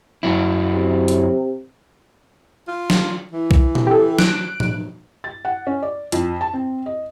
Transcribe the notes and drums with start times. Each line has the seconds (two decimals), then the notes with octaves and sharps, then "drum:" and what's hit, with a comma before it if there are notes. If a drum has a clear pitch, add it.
0.23 F#2 F#3 E4
0.73 C3
1.08 drum: hi-hat
2.68 F4
2.90 drum: snare
3.31 E3
3.51 drum: kick B1
3.75 drum: tom A#2
3.87 G4 A4
4.19 F#6 D7, drum: snare
4.60 drum: tom
5.24 A6
5.45 F#5
5.67 C#4
5.82 D5
6.12 F2, drum: hi-hat
6.41 A5
6.54 C4
6.86 D#5